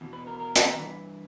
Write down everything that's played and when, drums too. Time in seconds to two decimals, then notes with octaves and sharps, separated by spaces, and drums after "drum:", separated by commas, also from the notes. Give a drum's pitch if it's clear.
0.01 E2 B2
0.13 B4
0.27 A#4
0.40 A#4
0.56 drum: hi-hat
0.78 G2 E3 B4